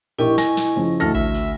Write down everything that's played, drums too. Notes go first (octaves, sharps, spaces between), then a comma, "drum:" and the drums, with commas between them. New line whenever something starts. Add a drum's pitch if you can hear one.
A#1 E4 G4 A#4 D#5 C#6
G#5 A#6, drum: snare
drum: snare
C#3 F3
D2 A4 F6 A#6
E5, drum: kick A1
drum: open hi-hat